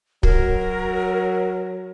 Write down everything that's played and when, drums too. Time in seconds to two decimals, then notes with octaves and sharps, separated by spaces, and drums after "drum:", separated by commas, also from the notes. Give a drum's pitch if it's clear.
0.23 F#3 F#4 A#4, drum: kick